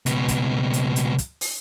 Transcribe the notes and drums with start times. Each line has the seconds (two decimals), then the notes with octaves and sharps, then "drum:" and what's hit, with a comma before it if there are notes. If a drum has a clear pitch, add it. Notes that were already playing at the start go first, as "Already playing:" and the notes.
0.06 C#2 B2, drum: hi-hat
0.28 drum: kick, hi-hat
0.73 drum: hi-hat
0.96 drum: hi-hat
1.18 drum: kick, hi-hat
1.41 drum: open hi-hat